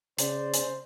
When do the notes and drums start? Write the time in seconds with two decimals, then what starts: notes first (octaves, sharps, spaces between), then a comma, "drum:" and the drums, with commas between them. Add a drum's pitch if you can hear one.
0.18 C#3 C5 D5, drum: hi-hat
0.54 drum: hi-hat